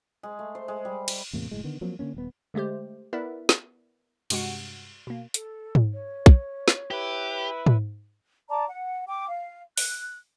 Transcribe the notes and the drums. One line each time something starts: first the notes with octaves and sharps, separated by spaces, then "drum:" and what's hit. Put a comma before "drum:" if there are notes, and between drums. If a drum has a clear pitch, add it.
G#3
A3
C5
G#3
G3
B5, drum: cymbal
E2 A2 C3 A#3
F#1 A2 G#3
D3 D#3 B3
F3 F#3 A#3 C4
D3 D#3 A#3 C#4
D#1 B3
D3 G#3 A3 G4 C5
B3 E4 A#4 B4 D5 E5
drum: snare
G2 C3 G#3 F#4 F#5, drum: cymbal
B2 A#3
A4, drum: hi-hat
drum: tom G#2
C#5
drum: kick
drum: snare
E4 G4 B4
drum: tom G#2
D5 A5 A#5 D6
F#5
G5 D6
F5
F#6, drum: open hi-hat